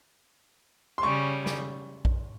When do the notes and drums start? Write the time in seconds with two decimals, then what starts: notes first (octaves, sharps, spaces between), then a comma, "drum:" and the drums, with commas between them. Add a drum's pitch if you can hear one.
0.98 C6
1.02 C#3 G3 C#4 C#6
1.46 drum: snare
2.05 drum: kick A#1